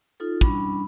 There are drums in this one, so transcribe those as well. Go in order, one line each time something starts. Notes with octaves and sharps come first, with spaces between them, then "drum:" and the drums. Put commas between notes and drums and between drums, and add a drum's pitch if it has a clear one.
D#4 F4 A4
G3 C#4 D4 E4 B5, drum: kick